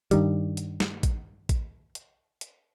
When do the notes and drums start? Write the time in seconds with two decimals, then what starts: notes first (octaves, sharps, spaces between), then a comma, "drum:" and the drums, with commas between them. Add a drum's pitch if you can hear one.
0.11 G2 D#3 G3, drum: hi-hat
0.57 drum: hi-hat
0.80 drum: snare
1.03 drum: kick A1, hi-hat
1.49 drum: kick A1, hi-hat
1.95 drum: hi-hat
2.41 drum: hi-hat